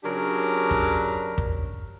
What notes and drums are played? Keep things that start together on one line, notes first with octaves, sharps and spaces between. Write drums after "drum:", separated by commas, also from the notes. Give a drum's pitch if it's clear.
C#3 F#3 D4 G4 A#4
drum: kick
drum: kick